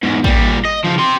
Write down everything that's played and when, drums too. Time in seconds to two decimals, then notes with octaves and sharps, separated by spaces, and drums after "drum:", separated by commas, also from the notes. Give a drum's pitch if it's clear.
0.03 E2 G#2
0.24 A#2 G3, drum: kick
0.65 D#5
0.85 C#3 F3
0.99 G4 C6